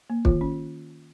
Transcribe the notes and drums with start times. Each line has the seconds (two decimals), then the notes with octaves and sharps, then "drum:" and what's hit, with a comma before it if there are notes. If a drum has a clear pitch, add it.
0.10 A#3
0.25 D#3 F4, drum: kick
0.41 C#4